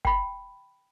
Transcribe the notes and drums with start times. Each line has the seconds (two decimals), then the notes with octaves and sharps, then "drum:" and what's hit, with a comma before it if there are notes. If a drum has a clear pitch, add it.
0.05 G5 B5, drum: kick